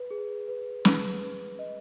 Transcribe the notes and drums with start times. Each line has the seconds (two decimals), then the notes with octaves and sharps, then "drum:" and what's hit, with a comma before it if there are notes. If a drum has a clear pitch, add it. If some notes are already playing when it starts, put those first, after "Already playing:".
Already playing: B4
0.11 G#4
0.48 B4
0.85 B4, drum: snare
1.21 B4
1.59 D#5